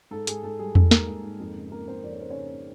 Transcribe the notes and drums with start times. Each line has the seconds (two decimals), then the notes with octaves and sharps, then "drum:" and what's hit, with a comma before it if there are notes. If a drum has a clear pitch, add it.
0.11 G#2 A4
0.27 G#2 G#4, drum: hi-hat
0.43 G#2 A4
0.59 G3 G#4
0.75 G#2 A4, drum: tom E2
0.91 G#2 A#3 A#4, drum: snare
1.07 G#2
1.24 G#2
1.40 F2
1.56 C#3
1.71 C#3 A#3 A#4
1.88 F2 C4 C5
2.04 F2 D5
2.12 C#5
2.20 C#3 C5
2.30 C#4 C#5
2.36 C#3
2.52 C#3